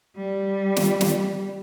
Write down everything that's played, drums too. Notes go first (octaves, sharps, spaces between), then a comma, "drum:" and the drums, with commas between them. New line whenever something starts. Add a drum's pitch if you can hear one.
G3
drum: snare
drum: snare